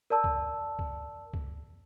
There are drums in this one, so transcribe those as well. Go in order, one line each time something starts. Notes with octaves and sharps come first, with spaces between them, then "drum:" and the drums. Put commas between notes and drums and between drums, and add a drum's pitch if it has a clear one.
A#4 D5 A5 E6
drum: kick
drum: kick
drum: kick